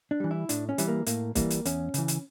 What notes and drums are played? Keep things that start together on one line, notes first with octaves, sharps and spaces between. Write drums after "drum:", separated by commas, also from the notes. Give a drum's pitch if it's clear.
D4
E3 G3
E4
A2 D4, drum: hi-hat
C#4
E3 G3, drum: hi-hat
A#3
A2 A#3, drum: hi-hat
E3 G3 A#3, drum: kick, hi-hat
drum: hi-hat
E2 C#4, drum: hi-hat
C#3 E3, drum: hi-hat
drum: hi-hat